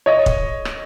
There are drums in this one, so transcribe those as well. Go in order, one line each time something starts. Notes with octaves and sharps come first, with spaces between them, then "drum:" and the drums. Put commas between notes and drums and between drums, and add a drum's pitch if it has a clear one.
C#5 D#5
drum: kick
drum: rim click